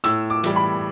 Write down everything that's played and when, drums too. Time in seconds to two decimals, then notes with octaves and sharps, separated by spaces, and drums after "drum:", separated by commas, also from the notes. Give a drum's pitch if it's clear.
0.04 A2 E6, drum: hi-hat
0.30 D6
0.43 E3 G3, drum: hi-hat
0.56 B5